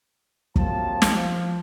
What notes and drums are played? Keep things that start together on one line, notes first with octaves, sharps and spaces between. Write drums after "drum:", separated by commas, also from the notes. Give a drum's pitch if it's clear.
C2 F3 F#3 A#3 C4 A5, drum: kick
drum: snare
F3